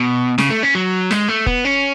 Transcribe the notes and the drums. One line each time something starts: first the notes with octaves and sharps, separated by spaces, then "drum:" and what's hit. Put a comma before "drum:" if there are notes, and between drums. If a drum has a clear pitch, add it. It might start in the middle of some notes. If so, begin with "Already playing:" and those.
Already playing: B2
C#3, drum: snare
A3
C#4
F#3
G#3, drum: snare
A3
B3, drum: kick F1
C#4